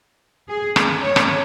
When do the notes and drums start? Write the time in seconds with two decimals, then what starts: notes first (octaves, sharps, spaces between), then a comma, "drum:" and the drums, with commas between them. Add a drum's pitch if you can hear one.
0.49 G#4
0.76 drum: rim click
1.02 C#5
1.16 drum: rim click